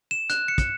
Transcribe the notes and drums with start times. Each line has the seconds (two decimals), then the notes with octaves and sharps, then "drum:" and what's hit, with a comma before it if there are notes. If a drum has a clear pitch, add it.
0.11 E7
0.30 F#6, drum: hi-hat
0.48 C#7
0.58 drum: kick, hi-hat